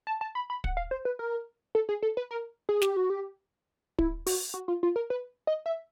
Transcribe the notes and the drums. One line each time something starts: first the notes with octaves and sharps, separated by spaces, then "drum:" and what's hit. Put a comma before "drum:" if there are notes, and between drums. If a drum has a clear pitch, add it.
A5
A5
B5
B5
F#5, drum: kick
F5
C5
B4
A#4
A4
G#4
A4
B4
A#4
G#4
G4, drum: snare
F#4
G4
E4, drum: kick
F#4, drum: open hi-hat
F#4
F4
F4
A#4
B4
D#5
E5